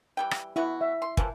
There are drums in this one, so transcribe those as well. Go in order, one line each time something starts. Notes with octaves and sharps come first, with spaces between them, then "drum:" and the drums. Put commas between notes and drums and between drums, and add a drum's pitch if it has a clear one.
E3 G3 G5
drum: rim click
E3 B3 E4 F#4
E5
C6
E3 F3 A#3, drum: kick